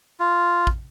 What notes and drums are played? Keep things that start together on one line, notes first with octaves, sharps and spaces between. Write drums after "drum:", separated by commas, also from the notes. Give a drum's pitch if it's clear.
F4
drum: kick